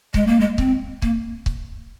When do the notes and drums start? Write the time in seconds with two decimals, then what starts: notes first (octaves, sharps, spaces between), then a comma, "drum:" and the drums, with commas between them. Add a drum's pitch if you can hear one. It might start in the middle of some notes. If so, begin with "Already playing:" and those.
0.14 G#3, drum: kick C#1
0.27 A#3
0.40 G#3
0.58 C4, drum: kick C#1
1.02 A#3, drum: kick C#1
1.46 drum: kick C#1